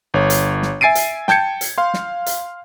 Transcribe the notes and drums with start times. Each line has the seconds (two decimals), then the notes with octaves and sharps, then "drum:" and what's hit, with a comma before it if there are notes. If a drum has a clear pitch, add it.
0.14 G1 C#5
0.30 drum: hi-hat
0.63 drum: snare
0.81 E5 G#5 A6 C7 D7 D#7
0.95 drum: hi-hat
1.28 G5 A5 G6 G#6 C#7, drum: snare
1.61 drum: hi-hat
1.78 F5 C6
1.94 drum: snare
2.26 drum: hi-hat